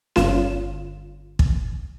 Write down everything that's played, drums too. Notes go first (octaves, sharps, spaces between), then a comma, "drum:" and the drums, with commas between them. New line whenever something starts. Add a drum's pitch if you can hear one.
G1 F4 E7, drum: snare C#4
drum: kick